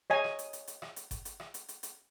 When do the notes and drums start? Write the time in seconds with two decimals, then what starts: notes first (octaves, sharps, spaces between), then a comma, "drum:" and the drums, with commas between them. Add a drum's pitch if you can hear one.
0.10 C#5 D#5 G#5
0.24 drum: rim click
0.39 drum: hi-hat
0.53 drum: hi-hat
0.67 drum: hi-hat
0.82 drum: rim click
0.96 drum: hi-hat
1.11 drum: kick G1, hi-hat
1.25 drum: hi-hat
1.40 drum: rim click
1.54 drum: hi-hat
1.68 drum: hi-hat
1.83 drum: hi-hat